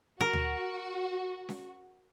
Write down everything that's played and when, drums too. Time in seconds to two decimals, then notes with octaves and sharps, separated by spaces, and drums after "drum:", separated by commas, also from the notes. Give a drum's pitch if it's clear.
0.21 F#4 A#4
0.33 drum: tom D2
1.49 drum: snare C#4